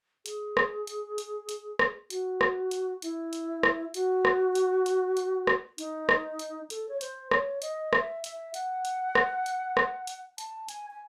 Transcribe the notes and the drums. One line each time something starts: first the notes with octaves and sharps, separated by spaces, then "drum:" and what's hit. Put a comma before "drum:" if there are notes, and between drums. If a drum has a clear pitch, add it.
G#4, drum: hi-hat
drum: rim click
drum: hi-hat
drum: hi-hat
drum: hi-hat
drum: rim click
F#4, drum: hi-hat
drum: rim click
drum: hi-hat
E4, drum: hi-hat
drum: hi-hat
drum: rim click
F#4, drum: hi-hat
drum: rim click
drum: hi-hat
drum: hi-hat
drum: hi-hat
drum: rim click
D#4, drum: hi-hat
drum: rim click
drum: hi-hat
A4, drum: hi-hat
C#5
C5, drum: hi-hat
C#5, drum: rim click
D#5, drum: hi-hat
E5, drum: rim click
E5, drum: hi-hat
F#5, drum: hi-hat
drum: hi-hat
drum: rim click
drum: hi-hat
drum: rim click
drum: hi-hat
A5, drum: hi-hat
G#5, drum: hi-hat
G#5